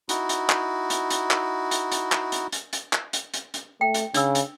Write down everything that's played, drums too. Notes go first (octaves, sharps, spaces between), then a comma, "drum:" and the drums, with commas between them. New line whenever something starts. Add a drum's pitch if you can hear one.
D#4 E4 F#4, drum: hi-hat
drum: hi-hat
drum: clap
drum: hi-hat
drum: hi-hat
drum: clap
drum: hi-hat
drum: hi-hat
drum: clap
drum: hi-hat
drum: hi-hat
drum: hi-hat
drum: clap
drum: hi-hat
drum: hi-hat
drum: hi-hat
A3 G5
drum: hi-hat
C#3 D4 E6, drum: hi-hat
drum: hi-hat